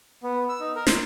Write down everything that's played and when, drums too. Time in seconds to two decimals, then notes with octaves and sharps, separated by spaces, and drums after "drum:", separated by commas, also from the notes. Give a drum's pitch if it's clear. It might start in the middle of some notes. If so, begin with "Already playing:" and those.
0.24 B3
0.49 E6
0.60 D#4
0.75 A#4
0.87 C5, drum: snare